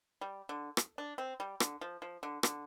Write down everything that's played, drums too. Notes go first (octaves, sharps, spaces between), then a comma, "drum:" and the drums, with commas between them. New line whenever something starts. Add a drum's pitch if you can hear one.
G3
D3
drum: rim click
D4
C4
G3
D3, drum: rim click
F3
F3
D3
D3, drum: rim click